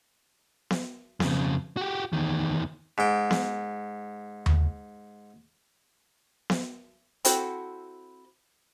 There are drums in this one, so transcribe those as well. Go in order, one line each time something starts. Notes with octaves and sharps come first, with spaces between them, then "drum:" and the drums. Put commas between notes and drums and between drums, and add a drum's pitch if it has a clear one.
drum: snare B3
F2 C#3, drum: snare B3
F#4 G4
E2 D#3
G#2 G5
drum: snare B3
drum: tom D#2
drum: snare B3
C4 E4 F#4 A4 C5, drum: hi-hat